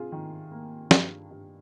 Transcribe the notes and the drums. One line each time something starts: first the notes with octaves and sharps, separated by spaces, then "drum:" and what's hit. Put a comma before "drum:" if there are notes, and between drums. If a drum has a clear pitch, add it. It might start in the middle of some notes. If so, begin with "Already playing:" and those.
Already playing: C3 F4 G#4
D#3
A#3
G2, drum: snare
G2